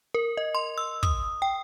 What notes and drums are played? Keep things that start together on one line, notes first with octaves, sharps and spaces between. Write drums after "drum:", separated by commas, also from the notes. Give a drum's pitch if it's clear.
A#4
D#5
C6
E6
D#6, drum: kick
G5